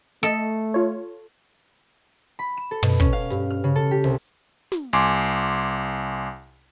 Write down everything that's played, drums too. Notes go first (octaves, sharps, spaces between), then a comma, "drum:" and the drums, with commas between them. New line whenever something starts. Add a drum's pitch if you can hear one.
A3 A4 D#5
F4 C#5
B5
E7
A4
B2, drum: tom
C#4, drum: kick
F5
G2, drum: hi-hat
F6
C#3
A4
G4
C2, drum: open hi-hat
drum: snare
C2 G#5 C6 D6